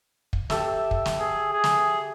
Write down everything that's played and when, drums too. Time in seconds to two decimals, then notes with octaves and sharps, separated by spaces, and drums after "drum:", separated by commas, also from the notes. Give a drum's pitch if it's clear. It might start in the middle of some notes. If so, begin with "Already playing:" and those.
0.33 drum: kick
0.50 G4 A4 E5, drum: snare
0.91 drum: kick
1.06 drum: snare
1.20 G#4
1.53 G#4
1.64 drum: snare